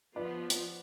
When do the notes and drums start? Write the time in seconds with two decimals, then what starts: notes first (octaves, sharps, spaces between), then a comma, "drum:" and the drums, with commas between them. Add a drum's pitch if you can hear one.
0.16 F3 B3 F4 B4 D5
0.50 drum: hi-hat